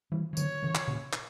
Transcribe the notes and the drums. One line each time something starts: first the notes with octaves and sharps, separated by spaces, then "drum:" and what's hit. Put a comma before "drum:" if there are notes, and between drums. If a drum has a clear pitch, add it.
E3 G3
E3
D3 F#3 C#5, drum: tambourine
C#3 E3
drum: clap
A#2 C#3
drum: clap